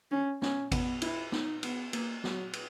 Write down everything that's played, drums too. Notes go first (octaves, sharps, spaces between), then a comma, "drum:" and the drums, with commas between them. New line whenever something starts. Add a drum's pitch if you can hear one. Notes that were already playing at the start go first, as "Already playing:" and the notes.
C#4
C#4, drum: snare
B3, drum: kick G#1, cymbal
E4, drum: cymbal
D#4, drum: snare
B3, drum: cymbal
A#3, drum: cymbal
F#3, drum: snare
drum: cymbal